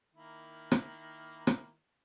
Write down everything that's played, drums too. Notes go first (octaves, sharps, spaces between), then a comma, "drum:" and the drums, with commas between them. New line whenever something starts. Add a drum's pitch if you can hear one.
D#3 A#3 E4
drum: rim click
drum: rim click